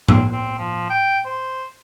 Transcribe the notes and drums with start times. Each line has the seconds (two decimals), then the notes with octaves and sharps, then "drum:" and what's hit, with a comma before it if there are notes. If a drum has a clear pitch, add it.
0.08 C4, drum: tom A2
0.32 C4
0.58 F3
0.90 G5
1.26 C5